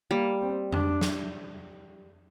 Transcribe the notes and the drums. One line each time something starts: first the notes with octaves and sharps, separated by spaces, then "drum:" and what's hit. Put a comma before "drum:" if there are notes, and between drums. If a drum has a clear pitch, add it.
G3 A#3
C4
D4, drum: tom F2
drum: snare